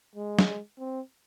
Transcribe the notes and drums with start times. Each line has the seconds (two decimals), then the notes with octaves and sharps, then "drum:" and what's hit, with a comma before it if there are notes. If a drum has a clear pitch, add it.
0.15 G#3
0.39 drum: snare
0.79 C4